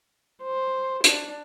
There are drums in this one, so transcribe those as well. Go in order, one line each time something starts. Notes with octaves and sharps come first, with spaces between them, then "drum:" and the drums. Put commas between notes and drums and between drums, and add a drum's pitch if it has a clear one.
C5
D4, drum: hi-hat